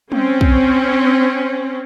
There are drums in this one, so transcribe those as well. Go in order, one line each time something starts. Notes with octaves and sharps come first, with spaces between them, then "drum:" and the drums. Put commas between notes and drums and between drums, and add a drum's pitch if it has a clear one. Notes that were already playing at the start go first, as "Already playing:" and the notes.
C4 C#4, drum: tom
drum: kick